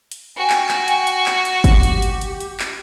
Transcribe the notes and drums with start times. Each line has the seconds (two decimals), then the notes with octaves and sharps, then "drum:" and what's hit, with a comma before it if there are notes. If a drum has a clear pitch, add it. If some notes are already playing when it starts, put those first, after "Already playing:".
0.12 drum: hi-hat
0.37 F#4 G5 G#5
0.50 drum: clap
0.69 drum: clap
0.88 drum: hi-hat
1.07 drum: hi-hat
1.26 drum: clap
1.45 drum: hi-hat
1.64 G4, drum: kick, hi-hat
1.83 drum: hi-hat
2.02 drum: hi-hat
2.21 drum: hi-hat
2.40 drum: hi-hat
2.60 drum: clap